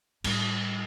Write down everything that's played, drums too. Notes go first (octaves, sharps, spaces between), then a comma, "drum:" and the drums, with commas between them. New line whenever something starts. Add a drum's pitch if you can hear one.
A2 G3, drum: cymbal